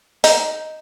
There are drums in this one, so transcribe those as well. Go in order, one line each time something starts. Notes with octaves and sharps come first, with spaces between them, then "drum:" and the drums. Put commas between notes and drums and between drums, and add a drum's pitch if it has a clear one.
D#4, drum: open hi-hat